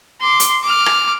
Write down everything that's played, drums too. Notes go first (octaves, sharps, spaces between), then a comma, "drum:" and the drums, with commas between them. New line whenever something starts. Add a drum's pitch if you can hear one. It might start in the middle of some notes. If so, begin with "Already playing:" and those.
C6 D6
drum: hi-hat
D6 F6
drum: rim click